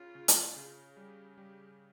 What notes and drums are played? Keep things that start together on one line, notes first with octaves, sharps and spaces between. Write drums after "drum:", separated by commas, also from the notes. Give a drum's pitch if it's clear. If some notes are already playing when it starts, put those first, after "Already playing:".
Already playing: C#3 C#4 F4
C#3
drum: hi-hat
C#3
G3 G4
G3 G4